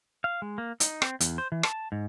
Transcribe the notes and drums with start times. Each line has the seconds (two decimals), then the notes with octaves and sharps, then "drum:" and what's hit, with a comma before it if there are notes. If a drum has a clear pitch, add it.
0.24 F5
0.42 G#3
0.58 A#3
0.80 D#4, drum: hi-hat
1.02 C4, drum: rim click
1.20 E2, drum: hi-hat
1.38 C5
1.52 E3
1.63 A5, drum: rim click
1.92 G#2